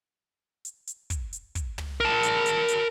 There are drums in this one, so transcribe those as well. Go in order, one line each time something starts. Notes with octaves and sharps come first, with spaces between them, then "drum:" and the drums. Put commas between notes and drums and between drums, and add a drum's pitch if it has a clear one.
drum: hi-hat
drum: hi-hat
drum: kick, hi-hat
drum: hi-hat
drum: kick, hi-hat
drum: tom
A#4 A5
drum: hi-hat
drum: hi-hat
drum: hi-hat